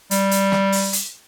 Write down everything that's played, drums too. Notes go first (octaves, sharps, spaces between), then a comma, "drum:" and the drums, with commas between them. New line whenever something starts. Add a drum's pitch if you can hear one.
G3, drum: hi-hat
drum: hi-hat
drum: snare
drum: open hi-hat
drum: hi-hat